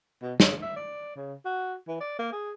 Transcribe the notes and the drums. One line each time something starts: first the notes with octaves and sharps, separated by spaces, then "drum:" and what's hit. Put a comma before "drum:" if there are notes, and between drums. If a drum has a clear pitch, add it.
B2
C#3, drum: snare
E5
D5
C#3
F#4
E3
D5
A#3
G#4